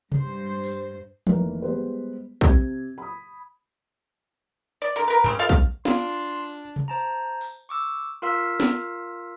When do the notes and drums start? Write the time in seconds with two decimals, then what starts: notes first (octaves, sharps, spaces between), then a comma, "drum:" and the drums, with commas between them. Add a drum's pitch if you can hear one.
0.12 G2 C5, drum: tom C3
0.64 drum: open hi-hat
1.27 F1 D#3 E3 A#3 A#4 B4, drum: tom
1.62 G3 G#3 B3 B4 C5
2.41 C3 C4 G#6, drum: kick
2.98 B5 D#6
4.82 D5
4.96 D3 A#4, drum: hi-hat
5.08 A#4 B4
5.24 C#3 C4 C#4, drum: tom G2
5.39 F4 A4 C5 F5
5.49 drum: kick
5.85 D4 F4 A5 C6, drum: snare
6.76 drum: tom C3
6.88 C5 A5 A#5
7.41 drum: open hi-hat
7.69 C#6 D6 E6
8.22 F4 A#4 F5 E6 B6
8.60 drum: snare